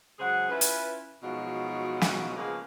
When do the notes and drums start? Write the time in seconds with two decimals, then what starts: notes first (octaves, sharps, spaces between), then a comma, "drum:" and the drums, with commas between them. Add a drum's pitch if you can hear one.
0.19 C#3 F#3 G#3 G#4 C5 F#5
0.49 C#4 E4 F4 B4
0.61 drum: hi-hat
1.23 B2 F3 F#3 G#3 D#4 F#4
2.02 drum: snare
2.37 C#3 F3 G#3 A#3 B3